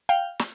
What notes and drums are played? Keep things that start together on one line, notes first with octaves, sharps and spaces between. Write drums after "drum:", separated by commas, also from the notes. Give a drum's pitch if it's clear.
F5 G5
drum: snare